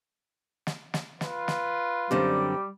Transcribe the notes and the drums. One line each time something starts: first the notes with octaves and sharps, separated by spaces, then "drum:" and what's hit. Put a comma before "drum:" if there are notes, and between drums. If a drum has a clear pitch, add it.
drum: snare
drum: snare
F4 B4, drum: snare
drum: snare
F#2 D3 G3 C4 G4